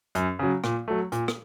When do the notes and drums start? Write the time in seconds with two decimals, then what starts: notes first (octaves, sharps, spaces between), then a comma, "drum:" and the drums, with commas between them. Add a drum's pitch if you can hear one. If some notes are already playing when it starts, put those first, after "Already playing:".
0.15 F#2, drum: hi-hat
0.39 C#3 F#3
0.64 A#2, drum: rim click
0.88 F#3 A3
1.12 A#2, drum: hi-hat
1.28 drum: rim click